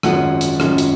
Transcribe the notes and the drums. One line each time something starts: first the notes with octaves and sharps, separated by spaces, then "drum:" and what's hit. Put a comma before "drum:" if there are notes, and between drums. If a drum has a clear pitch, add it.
G#1 F#2 F3 G#3 C#4 F#5, drum: rim click
drum: hi-hat
G#1 F#2 F3 G#3 C#4, drum: rim click
drum: hi-hat